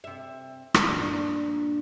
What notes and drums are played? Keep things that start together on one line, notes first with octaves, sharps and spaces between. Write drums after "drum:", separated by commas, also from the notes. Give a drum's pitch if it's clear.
C3 E5
drum: rim click
G2 A#2 D4